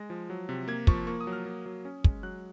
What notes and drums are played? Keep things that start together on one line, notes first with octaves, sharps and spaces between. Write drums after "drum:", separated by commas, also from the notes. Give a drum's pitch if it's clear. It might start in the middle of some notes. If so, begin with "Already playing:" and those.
Already playing: G#3 A#6
F3
F#3
C3
A#3 G#6
F3 C#6, drum: kick
A#3 C#6
D#6
F#3
F6
A#3
F#3
C#4
G#3, drum: kick
F#3 F#6